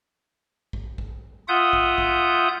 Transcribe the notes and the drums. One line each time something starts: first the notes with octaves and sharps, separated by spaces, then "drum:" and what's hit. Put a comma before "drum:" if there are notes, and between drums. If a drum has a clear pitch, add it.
drum: kick A#1
drum: kick A#1
F4 E5 F#5 D#6 G6
drum: kick A#1
drum: kick A#1